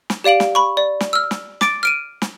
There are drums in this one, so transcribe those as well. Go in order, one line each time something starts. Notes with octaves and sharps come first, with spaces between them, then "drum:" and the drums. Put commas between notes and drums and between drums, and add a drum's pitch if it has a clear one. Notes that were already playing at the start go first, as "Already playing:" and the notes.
drum: snare
G4 D5 F5 D7 F#7
drum: snare
B5 C#6
D5
drum: snare
E6 F6
drum: snare
D6 A6 D7, drum: snare
F6 D7 D#7
drum: snare